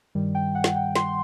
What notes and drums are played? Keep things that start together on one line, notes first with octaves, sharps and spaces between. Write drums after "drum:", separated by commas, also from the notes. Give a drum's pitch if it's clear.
G2 D#3 G3
G5
F#5
drum: snare
G5
C6, drum: snare